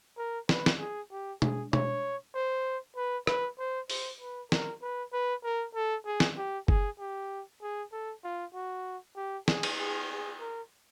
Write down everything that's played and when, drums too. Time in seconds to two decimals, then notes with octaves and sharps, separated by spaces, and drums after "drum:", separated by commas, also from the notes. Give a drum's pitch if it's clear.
0.18 A#4
0.49 B4, drum: snare
0.66 drum: snare
0.80 G#4
1.11 G4
1.42 G#4, drum: tom B2
1.73 C#5, drum: tom B2
2.35 C5
2.96 B4
3.27 B4, drum: rim click
3.59 C5
3.90 C5, drum: open hi-hat
4.21 B4
4.52 A#4, drum: snare
4.82 B4
5.13 B4
5.44 A#4
5.75 A4
6.06 G#4
6.20 drum: snare
6.37 G4
6.68 G#4, drum: kick F#1
6.99 G4
7.62 G#4
7.92 A4
8.24 F4
8.54 F#4
9.16 G4
9.48 G#4, drum: snare
9.63 drum: cymbal
9.79 G#4
10.09 G#4
10.40 A#4